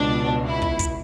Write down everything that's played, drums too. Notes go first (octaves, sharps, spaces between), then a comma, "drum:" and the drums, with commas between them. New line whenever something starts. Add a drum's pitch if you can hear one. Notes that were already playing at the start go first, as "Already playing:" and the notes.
Already playing: C#2 B2 D4
E4
drum: kick
drum: kick, hi-hat